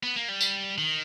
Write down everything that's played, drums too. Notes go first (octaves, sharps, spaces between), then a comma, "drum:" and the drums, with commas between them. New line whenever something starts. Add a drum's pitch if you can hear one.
B3
A#3
G3
drum: tambourine
D#3